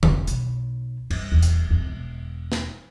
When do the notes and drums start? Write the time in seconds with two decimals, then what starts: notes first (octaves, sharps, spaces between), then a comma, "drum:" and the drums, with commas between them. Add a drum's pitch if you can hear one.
0.03 F1 D3, drum: tom D3
0.27 B1, drum: hi-hat
1.10 G2, drum: cymbal
1.32 D#1 E2
1.42 drum: hi-hat
1.71 F2
1.87 E1
2.52 drum: snare